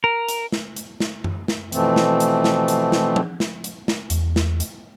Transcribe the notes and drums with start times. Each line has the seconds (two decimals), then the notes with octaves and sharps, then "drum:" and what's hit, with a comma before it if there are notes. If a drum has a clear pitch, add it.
0.04 A#4
0.28 drum: hi-hat
0.52 drum: snare
0.76 drum: hi-hat
1.00 drum: snare
1.24 drum: tom F#2
1.48 drum: snare
1.72 B2 E3 F3 A3 C4, drum: hi-hat
1.96 drum: snare
2.20 drum: hi-hat
2.44 drum: snare
2.68 drum: hi-hat
2.92 drum: snare
3.16 drum: tom F3
3.40 drum: snare
3.64 drum: hi-hat
3.88 drum: snare
4.10 E2, drum: hi-hat
4.36 drum: snare
4.60 drum: hi-hat